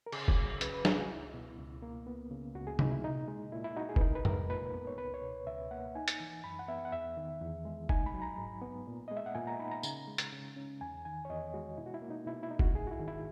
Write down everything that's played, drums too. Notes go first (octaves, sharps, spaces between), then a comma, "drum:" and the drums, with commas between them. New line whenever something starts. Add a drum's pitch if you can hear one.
A#4
C#3 G#4, drum: cymbal
F#4, drum: kick F1
F#3
C#3 B4, drum: hi-hat
B4
C#4 G#4, drum: snare
F#4
C#2 E4
B2
C#2
A#3
B3
C#3
C#2 F#4
G#4
F#3 D#4, drum: tom C3
E4
A#2 D#4
G#3
A#2 E4
E4
D#4 F#4
G#4
B4, drum: kick F1
D#4 A#4
B4
G#3 A#4, drum: tom F2
A#2 B4
B3
C#5
C#2 B4
C#5
B2
C#2 E5
A#3 F#5
D#4 G#5
drum: hi-hat
E3
F#2 B5
F#5
B3 E5
F#5
E2 E5
D#3
E2
G#3
D#4 G#5, drum: kick F1
B5
F#3
A#5
G#2
B3
A#2
G#3 D#5
E5
F#5
A#2 G#5
A#5
D#4 B5
A#5
C#3, drum: tambourine
G#3
drum: hi-hat
C#3
C#4
E2 G#5
D#3 G#5
C#5
E2 D#5
G#3 F#4
B2 E4
F#4
E4
A#3
D#4
B2 E4
E4
D#4
F#4, drum: kick F1
G#2 G#4
F#4
E4
D#3
E4